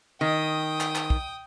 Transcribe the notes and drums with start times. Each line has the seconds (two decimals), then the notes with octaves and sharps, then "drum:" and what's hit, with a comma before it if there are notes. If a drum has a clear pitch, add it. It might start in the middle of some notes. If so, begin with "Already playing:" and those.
0.21 D#3 G5 D#6
0.80 drum: clap
0.95 drum: clap
1.10 drum: kick